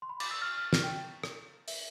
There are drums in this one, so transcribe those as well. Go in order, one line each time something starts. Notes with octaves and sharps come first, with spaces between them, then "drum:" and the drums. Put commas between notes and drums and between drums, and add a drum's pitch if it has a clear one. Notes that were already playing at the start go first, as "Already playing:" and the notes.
C6
B5
D6, drum: cymbal
E6
F6
F6
F6, drum: snare
G5
drum: rim click
E5, drum: open hi-hat